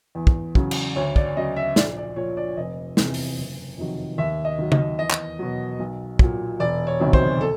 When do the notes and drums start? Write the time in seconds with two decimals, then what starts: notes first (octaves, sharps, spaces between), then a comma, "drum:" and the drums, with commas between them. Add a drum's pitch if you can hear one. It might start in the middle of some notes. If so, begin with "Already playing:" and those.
0.15 E2
0.27 drum: kick
0.55 C#3 F#3, drum: kick
0.71 drum: cymbal
0.96 D2 C#5
1.16 D5, drum: kick
1.36 C#3 F#3 D#5
1.56 E5
1.76 A#1 D5, drum: snare
1.97 D5
2.16 A#2 F3 C#5
2.37 D5
2.57 F1 D#5
2.97 E2 C3, drum: snare
3.14 drum: open hi-hat
3.38 F#1
3.78 F2 C3 D#3 F#3
4.18 D#2 E5
4.45 D#5
4.58 D#3 F#3
4.72 D#5, drum: tom C#3
4.99 E2 D#5
5.11 drum: clap
5.39 B2 F#3
5.79 B1
6.19 A#2 F#3, drum: kick
6.60 E1 D5
6.87 C#5
7.00 D2 C3 D#3 F#3
7.13 C5, drum: kick
7.41 A4